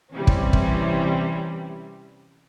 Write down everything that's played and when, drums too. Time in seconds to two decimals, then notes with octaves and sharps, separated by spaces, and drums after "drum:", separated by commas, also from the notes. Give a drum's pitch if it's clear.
0.12 C3 E3 G3 C#4
0.27 drum: kick
0.53 drum: kick